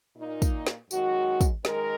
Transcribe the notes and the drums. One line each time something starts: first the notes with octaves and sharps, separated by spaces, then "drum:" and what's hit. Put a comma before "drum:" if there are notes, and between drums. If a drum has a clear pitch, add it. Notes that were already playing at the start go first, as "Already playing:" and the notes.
A#2 A#3 D#4
drum: kick, tambourine
drum: snare
F#2 D#3 G#3 F#4, drum: tambourine
drum: kick, tambourine
F#2 D#3 G#3 A#4, drum: snare